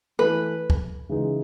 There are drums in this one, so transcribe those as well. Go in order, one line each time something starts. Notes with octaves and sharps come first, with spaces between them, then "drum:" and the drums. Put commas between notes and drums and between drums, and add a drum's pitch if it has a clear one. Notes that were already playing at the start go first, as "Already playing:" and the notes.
E3 A3 E4 A4 B4
drum: kick
C#3 E3 G#3 D#4